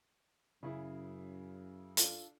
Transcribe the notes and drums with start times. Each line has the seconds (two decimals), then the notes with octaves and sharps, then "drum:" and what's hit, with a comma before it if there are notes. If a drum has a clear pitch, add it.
0.63 F#2 C#3 E4 G#4
1.97 D4 F4 A4, drum: hi-hat